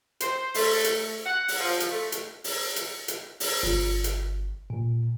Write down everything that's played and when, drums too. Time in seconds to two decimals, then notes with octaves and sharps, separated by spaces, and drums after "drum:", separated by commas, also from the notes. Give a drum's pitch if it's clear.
0.20 C5, drum: hi-hat
0.54 A3, drum: open hi-hat
0.84 drum: hi-hat
1.25 F#5
1.48 drum: open hi-hat
1.59 F3
1.80 drum: hi-hat
1.89 A3
2.12 drum: hi-hat
2.44 drum: open hi-hat
2.76 drum: hi-hat
3.08 drum: hi-hat
3.40 drum: open hi-hat
3.63 G1
4.04 drum: hi-hat
4.70 A#2